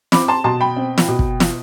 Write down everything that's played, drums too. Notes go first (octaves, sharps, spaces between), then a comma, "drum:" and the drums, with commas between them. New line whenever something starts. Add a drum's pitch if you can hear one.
C4 B5 D6, drum: snare
A5 C6
B2 A5 C6
G5 B5
C4
drum: snare
B2
drum: kick
drum: snare